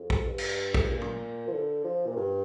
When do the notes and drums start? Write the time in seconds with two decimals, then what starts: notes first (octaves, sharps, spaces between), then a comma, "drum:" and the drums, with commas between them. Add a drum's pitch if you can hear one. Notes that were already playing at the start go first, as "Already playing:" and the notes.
Already playing: F2
0.10 drum: kick
0.27 G2
0.38 drum: cymbal
0.74 F2, drum: kick
0.83 G2
0.90 A#2
1.01 drum: tom A2
1.48 F3
1.53 D3
1.84 F3
2.06 A#2
2.16 G2